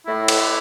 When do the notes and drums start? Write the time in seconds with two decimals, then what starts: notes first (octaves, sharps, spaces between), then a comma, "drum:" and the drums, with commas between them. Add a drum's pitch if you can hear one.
0.06 A2 E4
0.28 drum: cymbal